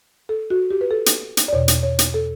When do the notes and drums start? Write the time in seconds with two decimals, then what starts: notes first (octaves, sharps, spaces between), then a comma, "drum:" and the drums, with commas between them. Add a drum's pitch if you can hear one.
0.29 A4
0.50 F#4
0.71 G4
0.81 B4
0.91 A4
1.06 drum: hi-hat
1.37 drum: hi-hat
1.48 D5
1.53 E2 B2 C#5
1.68 drum: hi-hat
1.83 C#5
1.99 drum: hi-hat
2.14 A4